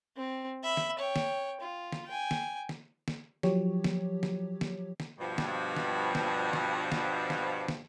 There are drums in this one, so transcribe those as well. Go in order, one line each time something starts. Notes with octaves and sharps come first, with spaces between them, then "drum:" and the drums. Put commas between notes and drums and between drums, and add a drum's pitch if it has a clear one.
C4
E5 B5
drum: snare
C#5 G5
drum: snare
F4
drum: snare
G5 G#5
drum: snare
drum: snare
drum: snare
F3 F#3 G4 C#5, drum: snare
drum: snare
drum: snare
drum: snare
drum: snare
G2 B2 F3
drum: snare
drum: snare
drum: snare
drum: snare
drum: snare
drum: snare
drum: snare